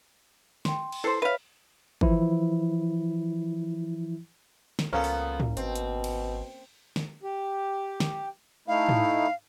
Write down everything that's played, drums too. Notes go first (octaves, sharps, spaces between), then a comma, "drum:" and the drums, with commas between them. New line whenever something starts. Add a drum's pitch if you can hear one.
G5 C6, drum: snare
drum: cymbal
E4 A4 B4 C5 C7
B4 C#5 E5 F5
E3 F3 E4, drum: kick
drum: snare
C#2 F3 A#3 B3 C#4 A4
drum: open hi-hat
drum: tom
G#1 B2 C4, drum: hi-hat
drum: hi-hat
drum: cymbal
drum: snare
G4
drum: snare
A3 D#4 E4 F5
drum: tom